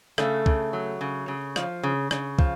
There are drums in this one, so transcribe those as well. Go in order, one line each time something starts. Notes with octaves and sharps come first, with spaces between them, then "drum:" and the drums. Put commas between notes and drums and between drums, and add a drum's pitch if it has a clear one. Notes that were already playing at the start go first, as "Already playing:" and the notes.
C#3 A3, drum: rim click
C#3, drum: kick
F#3
C#3
C#3
F3, drum: rim click
C#3
C#3, drum: rim click
F3, drum: kick